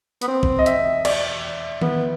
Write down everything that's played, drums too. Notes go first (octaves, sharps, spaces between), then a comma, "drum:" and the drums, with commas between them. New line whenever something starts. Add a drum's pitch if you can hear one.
B3, drum: hi-hat
C4
drum: kick
D#5
E5, drum: hi-hat
D5, drum: cymbal
B3, drum: tom D#3